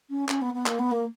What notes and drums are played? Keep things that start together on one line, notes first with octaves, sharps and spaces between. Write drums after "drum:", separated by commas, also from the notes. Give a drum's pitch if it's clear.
C#4
C#4, drum: clap
B3
B3
A#3, drum: clap
B3
A#3